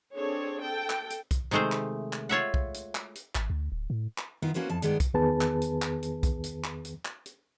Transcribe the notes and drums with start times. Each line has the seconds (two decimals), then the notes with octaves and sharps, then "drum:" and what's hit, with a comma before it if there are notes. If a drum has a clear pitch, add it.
0.14 C4 D4 G#4 A4 C#5
0.61 A4 G5
0.90 drum: clap
1.10 drum: hi-hat
1.31 drum: kick B1, hi-hat
1.51 C3 D#3 G#3 A3 C5
1.72 drum: clap
2.13 drum: clap
2.29 F4 C#5 E5 F#5
2.54 drum: kick B1
2.74 drum: hi-hat
2.95 drum: clap
3.15 drum: hi-hat
3.35 G#1, drum: clap
3.50 D2
3.72 D1
3.90 A2
4.18 drum: clap
4.42 D#3 B3 E4 F4
4.54 A#3 C#4 F#4 B4 C5
4.69 F2 A5
4.82 G2 D#3 G#3 B3 D5, drum: hi-hat
5.00 drum: kick B1, hi-hat
5.14 E2 D#3 B3 G#4 B4 A5
5.41 drum: clap
5.62 drum: hi-hat
5.82 drum: clap
6.03 drum: hi-hat
6.23 drum: kick B1, hi-hat
6.44 drum: hi-hat
6.64 drum: clap
6.85 drum: hi-hat
7.05 drum: clap
7.26 drum: hi-hat